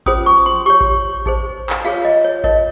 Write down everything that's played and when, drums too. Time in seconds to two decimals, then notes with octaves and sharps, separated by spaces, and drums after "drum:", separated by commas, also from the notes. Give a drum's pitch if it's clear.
0.06 C#4 F4 G#4 C5 D#6, drum: kick A1
0.26 C#6
0.46 C6
0.66 G4 C#5 C#6
0.81 drum: kick A1
1.26 D#4 G#4 C5, drum: kick A1
1.70 drum: clap
1.85 F4 G#4 C#5 F5
2.05 D#5
2.24 C#5
2.44 D#4 A#4 C#5 D#5, drum: kick A1